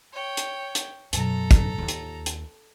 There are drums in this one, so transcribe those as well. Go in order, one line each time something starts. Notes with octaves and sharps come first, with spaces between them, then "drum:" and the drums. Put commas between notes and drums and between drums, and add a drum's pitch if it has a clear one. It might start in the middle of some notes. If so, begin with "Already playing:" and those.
C#5 G5
drum: hi-hat
drum: hi-hat
F#2 B2 A4 A#5, drum: hi-hat
drum: kick, hi-hat
D#2 F4
drum: hi-hat
drum: hi-hat